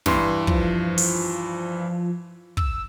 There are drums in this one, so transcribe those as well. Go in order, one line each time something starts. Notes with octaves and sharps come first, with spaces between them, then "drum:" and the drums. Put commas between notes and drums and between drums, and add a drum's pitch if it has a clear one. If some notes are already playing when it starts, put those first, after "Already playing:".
G2 E3 C6, drum: snare
F3, drum: kick
drum: open hi-hat
E6, drum: kick